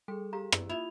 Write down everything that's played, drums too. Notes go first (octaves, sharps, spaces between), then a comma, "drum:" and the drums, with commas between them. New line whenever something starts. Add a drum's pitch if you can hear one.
G3 G#4 A4 G5
G4 F5 A#5
E6, drum: rim click
A#3 E4 F4 F7